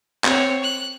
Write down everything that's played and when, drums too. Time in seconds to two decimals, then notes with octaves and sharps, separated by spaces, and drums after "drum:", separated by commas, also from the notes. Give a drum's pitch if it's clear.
0.24 C4 C#5, drum: clap
0.63 F#6